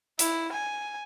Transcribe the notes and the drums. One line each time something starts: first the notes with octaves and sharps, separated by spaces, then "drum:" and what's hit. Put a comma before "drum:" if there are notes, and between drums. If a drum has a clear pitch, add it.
E4, drum: hi-hat
G#5